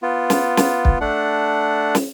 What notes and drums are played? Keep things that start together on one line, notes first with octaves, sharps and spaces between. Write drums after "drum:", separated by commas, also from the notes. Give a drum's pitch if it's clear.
B3 F4
drum: snare
drum: snare
drum: kick
A3 D4 F#5
drum: snare